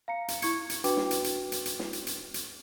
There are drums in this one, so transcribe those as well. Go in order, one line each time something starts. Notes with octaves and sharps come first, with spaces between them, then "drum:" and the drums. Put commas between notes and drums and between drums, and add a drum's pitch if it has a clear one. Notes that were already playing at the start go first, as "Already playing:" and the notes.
F5 A#5 C#7
drum: hi-hat
E4 C#6 G#6 C#7, drum: hi-hat
drum: hi-hat
D4 F#4 B4 G5 D6, drum: hi-hat
drum: snare
drum: hi-hat
drum: hi-hat
drum: hi-hat
drum: hi-hat
drum: snare
drum: hi-hat
drum: hi-hat
drum: hi-hat